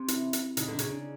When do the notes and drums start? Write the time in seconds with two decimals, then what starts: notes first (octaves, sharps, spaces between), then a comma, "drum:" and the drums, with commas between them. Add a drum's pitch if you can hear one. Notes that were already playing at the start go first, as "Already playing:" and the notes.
Already playing: C3
0.08 E4, drum: hi-hat
0.33 drum: hi-hat
0.57 C#3 D#4, drum: hi-hat
0.68 D3 D4
0.79 C#3, drum: hi-hat
0.90 D4